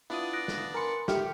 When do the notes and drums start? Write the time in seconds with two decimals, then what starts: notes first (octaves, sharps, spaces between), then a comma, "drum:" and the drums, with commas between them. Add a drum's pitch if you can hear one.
0.10 B3 D4 E4 F4 D5 D#6
0.33 F#6 A#6 D7
0.48 drum: snare
0.74 A#4 G#5 B5 C6 C#7
1.08 G4 A4 E5 F6, drum: snare